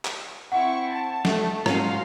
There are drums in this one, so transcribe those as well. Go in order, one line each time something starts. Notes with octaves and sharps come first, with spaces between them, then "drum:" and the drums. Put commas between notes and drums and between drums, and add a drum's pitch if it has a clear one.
drum: clap
C4 E4 F#5 C#6
A5
A3, drum: snare
G#2 F#3 C#4 C#5 F5 A#5 C6, drum: rim click